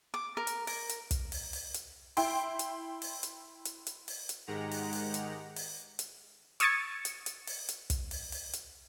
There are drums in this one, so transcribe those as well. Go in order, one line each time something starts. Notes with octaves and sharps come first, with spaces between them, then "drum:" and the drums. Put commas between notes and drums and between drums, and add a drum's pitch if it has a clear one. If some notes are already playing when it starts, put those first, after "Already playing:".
D6
A#4
drum: hi-hat
A#4, drum: open hi-hat
drum: hi-hat
drum: kick, hi-hat
drum: open hi-hat
drum: open hi-hat
drum: hi-hat
E4 G5 C6, drum: open hi-hat
drum: hi-hat
drum: open hi-hat
drum: hi-hat
drum: hi-hat
drum: hi-hat
drum: open hi-hat
drum: hi-hat
G#2 D#3 G#3 G4 F#5 A#5
drum: open hi-hat
drum: open hi-hat
drum: hi-hat
drum: open hi-hat
drum: hi-hat
C#6 D#6 E6 G#6 A6 C#7, drum: hi-hat
drum: hi-hat
drum: hi-hat
drum: open hi-hat
drum: hi-hat
drum: kick, hi-hat
drum: open hi-hat
drum: open hi-hat
drum: hi-hat